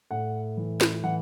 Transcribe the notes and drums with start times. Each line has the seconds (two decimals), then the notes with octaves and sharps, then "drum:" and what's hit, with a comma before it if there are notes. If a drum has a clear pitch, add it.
0.11 A2 F#5
0.57 E3
0.81 drum: snare
1.04 E3 F#5